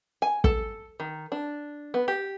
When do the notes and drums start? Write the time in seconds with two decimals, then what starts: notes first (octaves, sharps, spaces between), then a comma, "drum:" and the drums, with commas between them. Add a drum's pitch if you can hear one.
0.22 G#5
0.44 A4, drum: kick
1.00 D#3
1.32 D4
1.94 B3
2.08 G4